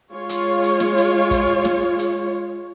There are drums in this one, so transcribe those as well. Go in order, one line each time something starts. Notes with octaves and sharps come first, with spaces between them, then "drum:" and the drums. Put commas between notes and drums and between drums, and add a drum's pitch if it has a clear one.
G#3 F4 C#5
drum: hi-hat
drum: hi-hat
drum: snare
drum: hi-hat
drum: kick, hi-hat
drum: snare
drum: hi-hat